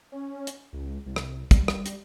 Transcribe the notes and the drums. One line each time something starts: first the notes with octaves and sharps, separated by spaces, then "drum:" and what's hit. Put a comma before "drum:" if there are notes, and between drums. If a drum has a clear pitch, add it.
C#4
drum: hi-hat
C#2
C2
drum: rim click
G3, drum: kick, hi-hat
drum: rim click
drum: hi-hat